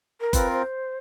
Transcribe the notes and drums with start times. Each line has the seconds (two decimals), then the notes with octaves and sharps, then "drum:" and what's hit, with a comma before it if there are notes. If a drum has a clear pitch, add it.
0.21 A#4
0.33 C4 F4 A#4 B4, drum: kick F#1, hi-hat
0.54 C5